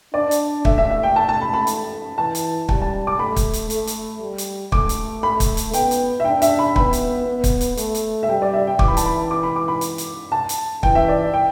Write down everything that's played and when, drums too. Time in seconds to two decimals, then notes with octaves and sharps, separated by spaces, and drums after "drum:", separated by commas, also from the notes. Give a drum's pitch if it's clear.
0.14 D4 D5
0.31 drum: hi-hat
0.65 A3 E5, drum: kick
0.78 E5
0.91 E5
1.03 G5
1.16 A5
1.29 A5
1.42 B5
1.53 B5
1.67 drum: hi-hat
2.18 E3 A5
2.35 drum: hi-hat
2.69 G3 A5, drum: kick
2.82 A5
3.07 D6
3.19 A3 B5
3.36 drum: kick, hi-hat
3.53 drum: hi-hat
3.70 A3, drum: hi-hat
3.87 drum: hi-hat
4.21 G3
4.38 drum: hi-hat
4.72 A3 D6, drum: kick
4.89 drum: hi-hat
5.23 A3 B5
5.40 drum: kick, hi-hat
5.57 drum: hi-hat
5.73 B3 G5, drum: hi-hat
5.91 drum: hi-hat
6.20 E5
6.25 D4 G5
6.42 E5, drum: hi-hat
6.59 B5
6.76 B3 B5, drum: kick
6.93 drum: hi-hat
7.27 B3
7.44 drum: kick, hi-hat
7.61 drum: hi-hat
7.77 A3, drum: hi-hat
7.95 drum: hi-hat
8.23 E5
8.28 G3 G5
8.42 D5
8.54 E5
8.67 G5
8.79 E3 D6, drum: kick
8.88 B5
8.97 A5, drum: hi-hat
9.05 B5
9.31 D6
9.43 B5
9.56 D6
9.68 B5
9.81 drum: hi-hat
9.98 drum: hi-hat
10.32 A5
10.49 drum: hi-hat
10.83 E3 G5, drum: kick
10.95 E5
11.08 D5
11.34 G5